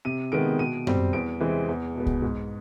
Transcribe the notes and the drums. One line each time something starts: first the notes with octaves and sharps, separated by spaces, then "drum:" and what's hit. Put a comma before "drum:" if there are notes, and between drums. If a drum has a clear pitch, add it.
C3 D#7
D#3 G#3 B3 D7
B2 D#7
G3 C4, drum: tom F#2
E2 D7
C3 E3 G#3 C4
E2
B2 G#3 B3
drum: kick C2
G#2